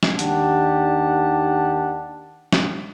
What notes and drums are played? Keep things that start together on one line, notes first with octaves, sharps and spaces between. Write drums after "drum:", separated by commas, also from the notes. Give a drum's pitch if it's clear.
drum: snare
D#2 D#3 D4 G4 F#5 A5, drum: hi-hat
drum: snare